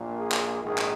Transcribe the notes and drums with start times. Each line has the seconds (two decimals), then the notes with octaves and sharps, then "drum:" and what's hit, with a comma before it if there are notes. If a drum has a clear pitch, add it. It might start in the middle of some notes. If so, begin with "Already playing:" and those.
Already playing: A#1 A#2
0.17 G#4
0.32 drum: clap
0.62 A#1 G#2 D#3 G#4
0.78 drum: clap